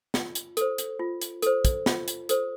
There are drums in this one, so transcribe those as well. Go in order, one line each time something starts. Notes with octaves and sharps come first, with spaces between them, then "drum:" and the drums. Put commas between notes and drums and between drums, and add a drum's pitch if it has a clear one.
F4, drum: snare
drum: hi-hat
A4 C5, drum: hi-hat
drum: hi-hat
F4
drum: hi-hat
A4 C5, drum: hi-hat
drum: kick, hi-hat
F4, drum: snare
drum: hi-hat
A4 C5, drum: hi-hat